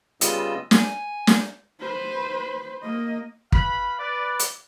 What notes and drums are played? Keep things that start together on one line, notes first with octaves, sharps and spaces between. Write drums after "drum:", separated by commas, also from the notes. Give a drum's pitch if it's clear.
C#3 G3 B3 F4 D#5 E6, drum: hi-hat
G#5, drum: snare
drum: snare
B4 C5
A#3 D#5
B4 F5 B5, drum: kick
B4 D5
drum: hi-hat